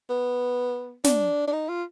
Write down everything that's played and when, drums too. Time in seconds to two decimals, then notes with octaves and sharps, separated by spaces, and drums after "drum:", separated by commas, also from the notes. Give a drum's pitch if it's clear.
0.10 B3
1.04 D4, drum: snare
1.47 D4
1.52 D#4
1.69 F4